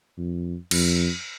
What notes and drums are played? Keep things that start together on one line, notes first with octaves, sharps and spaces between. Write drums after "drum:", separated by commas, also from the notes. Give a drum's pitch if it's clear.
F2
F2, drum: cymbal